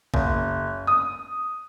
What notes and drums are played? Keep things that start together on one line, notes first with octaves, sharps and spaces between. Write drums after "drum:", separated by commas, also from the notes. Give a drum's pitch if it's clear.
F#1, drum: kick A#1
D#6